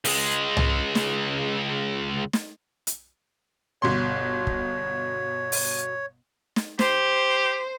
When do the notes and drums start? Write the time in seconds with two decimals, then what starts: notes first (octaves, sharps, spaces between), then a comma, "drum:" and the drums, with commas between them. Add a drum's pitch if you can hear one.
0.05 C#2 G#3, drum: open hi-hat
0.57 drum: tom
0.95 drum: snare
2.33 drum: snare
2.87 drum: hi-hat
3.82 G1 B2 C#5 C6
4.47 drum: kick
5.52 drum: open hi-hat
6.56 drum: snare
6.79 G4 C5, drum: snare